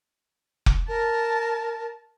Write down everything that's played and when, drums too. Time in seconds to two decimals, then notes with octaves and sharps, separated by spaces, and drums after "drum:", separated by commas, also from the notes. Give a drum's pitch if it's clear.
0.66 drum: kick F1
0.89 A#4 A5